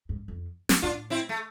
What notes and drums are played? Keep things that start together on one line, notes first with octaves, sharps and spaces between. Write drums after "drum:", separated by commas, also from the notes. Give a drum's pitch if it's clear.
G#2
F2
drum: snare
A2 D4 F4
C4 E4
A3